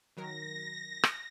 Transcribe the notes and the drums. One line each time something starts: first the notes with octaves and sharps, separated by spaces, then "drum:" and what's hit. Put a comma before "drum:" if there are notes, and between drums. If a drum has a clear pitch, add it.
D#3 F#3 A#4 A#6
drum: rim click